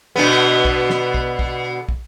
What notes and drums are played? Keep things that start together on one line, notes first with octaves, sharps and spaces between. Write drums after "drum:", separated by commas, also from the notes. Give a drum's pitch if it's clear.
B2 D3 B3
drum: kick
drum: snare
drum: kick
drum: kick
drum: kick